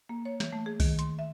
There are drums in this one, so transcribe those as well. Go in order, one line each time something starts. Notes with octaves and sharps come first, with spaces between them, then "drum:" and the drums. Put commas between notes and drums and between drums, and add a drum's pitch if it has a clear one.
A#3
C#5
E3, drum: snare
A3
G#4
D#3, drum: kick C2, open hi-hat
C6, drum: hi-hat
E5